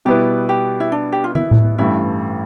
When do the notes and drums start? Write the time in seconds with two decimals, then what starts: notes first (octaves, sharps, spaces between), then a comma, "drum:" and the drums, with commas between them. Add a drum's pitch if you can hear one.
0.05 B2 G3 B3 E4 G4 B4
0.49 G4
0.80 E4
0.92 D4
1.12 G4
1.24 F4
1.35 E4, drum: tom
1.51 drum: tom A2
1.78 A1 G2 E3 A3 E4